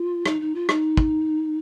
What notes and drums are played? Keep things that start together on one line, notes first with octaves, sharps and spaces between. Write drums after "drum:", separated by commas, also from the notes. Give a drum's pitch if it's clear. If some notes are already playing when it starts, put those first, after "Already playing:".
Already playing: F4
D#4, drum: rim click
D#4
F4
D#4, drum: rim click
drum: kick